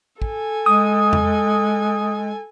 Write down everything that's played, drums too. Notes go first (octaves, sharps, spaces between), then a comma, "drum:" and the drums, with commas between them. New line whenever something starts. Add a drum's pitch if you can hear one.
A4 G#5, drum: kick
G#3 D#6
drum: tom E2